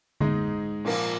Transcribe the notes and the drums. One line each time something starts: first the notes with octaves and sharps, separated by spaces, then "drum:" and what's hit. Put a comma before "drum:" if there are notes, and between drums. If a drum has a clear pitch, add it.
G#2 G#3 D#4, drum: tom D3
A#2 F3 A#3, drum: cymbal